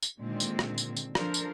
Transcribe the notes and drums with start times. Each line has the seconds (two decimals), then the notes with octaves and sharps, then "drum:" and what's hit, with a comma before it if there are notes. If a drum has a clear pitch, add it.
0.03 drum: tambourine
0.18 A#2 D3 D#3 G#3 C4
0.40 drum: tambourine
0.59 drum: rim click
0.78 drum: tambourine
0.97 drum: tambourine
1.15 F3 D4 A4 A#4 C5, drum: rim click
1.34 drum: tambourine